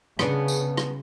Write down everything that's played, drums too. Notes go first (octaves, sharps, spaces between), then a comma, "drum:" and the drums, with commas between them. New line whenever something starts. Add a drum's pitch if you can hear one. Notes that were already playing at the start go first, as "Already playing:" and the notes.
C#3 B3 D4 C#5, drum: rim click
drum: tambourine
drum: rim click